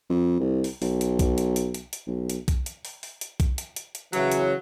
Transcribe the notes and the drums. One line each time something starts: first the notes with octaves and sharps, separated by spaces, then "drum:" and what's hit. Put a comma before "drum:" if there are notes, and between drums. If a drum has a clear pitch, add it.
F2
C2
drum: open hi-hat
B1, drum: open hi-hat
drum: hi-hat
drum: kick B1, hi-hat
drum: hi-hat
drum: hi-hat
drum: hi-hat
drum: hi-hat
B1
drum: hi-hat
drum: kick B1, hi-hat
drum: hi-hat
drum: open hi-hat
drum: open hi-hat
drum: hi-hat
drum: kick B1, hi-hat
drum: hi-hat
drum: hi-hat
drum: hi-hat
C#3 E3 F#3, drum: hi-hat
drum: hi-hat